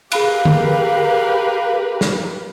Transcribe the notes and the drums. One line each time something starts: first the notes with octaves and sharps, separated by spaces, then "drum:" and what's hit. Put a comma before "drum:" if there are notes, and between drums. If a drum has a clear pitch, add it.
G4 G#4 A#4 B4 F5 B5 F#6, drum: cymbal
drum: tom D3
drum: snare